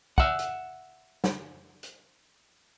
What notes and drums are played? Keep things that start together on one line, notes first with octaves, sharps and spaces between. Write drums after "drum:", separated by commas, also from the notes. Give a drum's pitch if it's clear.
E5 F#5, drum: kick
drum: hi-hat
drum: snare
drum: hi-hat